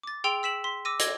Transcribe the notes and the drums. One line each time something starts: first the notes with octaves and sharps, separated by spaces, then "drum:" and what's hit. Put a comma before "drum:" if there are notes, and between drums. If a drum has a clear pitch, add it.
D6 A6
G#4 G5 C6 E6 D7 F7
E6 B6 E7 F#7
C6 B6
D6 E6 A#6 D#7
D#5 G#6 A#6, drum: hi-hat